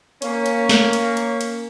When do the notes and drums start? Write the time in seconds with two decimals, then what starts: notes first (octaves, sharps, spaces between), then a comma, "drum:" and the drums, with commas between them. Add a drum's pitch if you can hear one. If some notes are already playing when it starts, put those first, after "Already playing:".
0.22 A#3 C#4, drum: cymbal
0.46 drum: cymbal
0.69 drum: snare
0.93 drum: cymbal
1.17 drum: cymbal
1.41 drum: cymbal